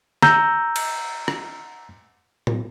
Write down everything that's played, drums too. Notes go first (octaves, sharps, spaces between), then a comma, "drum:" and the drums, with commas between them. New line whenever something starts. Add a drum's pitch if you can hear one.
A#5 E6 G6, drum: snare
drum: cymbal
drum: rim click
drum: tom A2